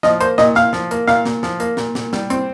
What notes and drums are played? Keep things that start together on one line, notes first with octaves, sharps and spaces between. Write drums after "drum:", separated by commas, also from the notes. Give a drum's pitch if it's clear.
F3 D#5, drum: snare
A#3 C5, drum: hi-hat
A#2 D#5, drum: snare
A#2 F5, drum: snare
F3, drum: snare
A#3, drum: hi-hat
A#2 F5, drum: snare
A#2, drum: snare
F3, drum: snare
A#3, drum: hi-hat
A#2, drum: snare
A#2, drum: snare
G3, drum: snare
C4, drum: hi-hat